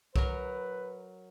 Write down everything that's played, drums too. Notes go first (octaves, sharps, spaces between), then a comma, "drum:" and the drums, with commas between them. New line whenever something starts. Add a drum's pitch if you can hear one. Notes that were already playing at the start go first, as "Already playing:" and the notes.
F#3 A#4 B4, drum: kick